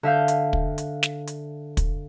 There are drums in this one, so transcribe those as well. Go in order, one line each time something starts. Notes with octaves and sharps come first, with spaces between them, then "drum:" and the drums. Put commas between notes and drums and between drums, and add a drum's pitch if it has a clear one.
D3 E5 F5 G6
drum: hi-hat
drum: kick
drum: hi-hat
drum: snare
drum: hi-hat
drum: kick, hi-hat